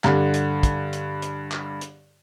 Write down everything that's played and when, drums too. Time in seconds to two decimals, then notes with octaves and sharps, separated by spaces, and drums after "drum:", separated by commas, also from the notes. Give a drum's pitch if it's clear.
0.04 G2 D3, drum: clap
0.34 drum: hi-hat
0.63 drum: kick, hi-hat
0.93 drum: hi-hat
1.22 drum: hi-hat
1.52 drum: clap
1.81 drum: hi-hat